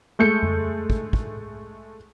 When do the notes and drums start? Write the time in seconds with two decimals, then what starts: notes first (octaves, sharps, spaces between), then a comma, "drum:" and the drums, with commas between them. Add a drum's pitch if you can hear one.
0.19 G#3 A3 G6 C#7
0.43 drum: tom F2
0.90 drum: kick
1.13 drum: kick